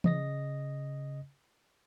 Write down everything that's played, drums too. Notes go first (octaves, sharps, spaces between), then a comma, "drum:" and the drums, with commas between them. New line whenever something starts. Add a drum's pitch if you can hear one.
C#3 D#5 A#6, drum: tom E3